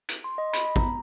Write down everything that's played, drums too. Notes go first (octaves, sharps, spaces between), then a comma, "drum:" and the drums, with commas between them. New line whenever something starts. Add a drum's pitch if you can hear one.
drum: hi-hat
C6
D#5
B5, drum: hi-hat
A#5, drum: kick